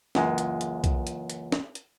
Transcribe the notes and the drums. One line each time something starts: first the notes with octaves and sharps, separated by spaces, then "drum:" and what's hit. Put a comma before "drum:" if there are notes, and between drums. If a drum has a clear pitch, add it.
C#2 F#2 E3 G#3 A#3 F4, drum: snare
drum: hi-hat
drum: hi-hat
drum: kick B1, hi-hat
drum: hi-hat
drum: hi-hat
drum: snare
drum: hi-hat